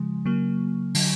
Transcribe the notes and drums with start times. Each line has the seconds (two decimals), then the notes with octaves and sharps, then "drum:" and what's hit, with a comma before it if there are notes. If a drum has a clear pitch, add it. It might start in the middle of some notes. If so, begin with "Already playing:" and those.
Already playing: C#3 F3 G#3
0.25 C#3 F#3 A#3
0.95 D3 F#3, drum: open hi-hat